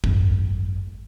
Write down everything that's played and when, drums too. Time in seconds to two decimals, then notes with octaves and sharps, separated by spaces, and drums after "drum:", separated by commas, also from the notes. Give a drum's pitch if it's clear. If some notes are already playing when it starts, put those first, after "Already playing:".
0.04 G#1 F#2, drum: kick